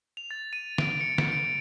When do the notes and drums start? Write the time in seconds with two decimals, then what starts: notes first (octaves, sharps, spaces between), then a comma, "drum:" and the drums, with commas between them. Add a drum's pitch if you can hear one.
0.17 F7
0.31 A6
0.53 D#7
0.78 D7, drum: snare
1.01 C#7
1.18 drum: snare
1.32 D7